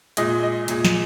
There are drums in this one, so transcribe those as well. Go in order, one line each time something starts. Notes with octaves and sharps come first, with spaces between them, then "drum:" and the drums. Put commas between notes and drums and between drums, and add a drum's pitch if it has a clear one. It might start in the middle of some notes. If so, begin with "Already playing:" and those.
A#2 G#3 D#5, drum: hi-hat
D#5
A#2 G#3, drum: hi-hat
drum: snare